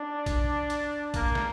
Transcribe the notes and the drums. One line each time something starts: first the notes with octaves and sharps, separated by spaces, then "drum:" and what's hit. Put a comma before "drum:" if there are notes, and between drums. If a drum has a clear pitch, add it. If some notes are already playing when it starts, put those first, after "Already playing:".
Already playing: D4
drum: kick A#1, hi-hat
drum: hi-hat
A#3, drum: kick A#1, hi-hat
drum: snare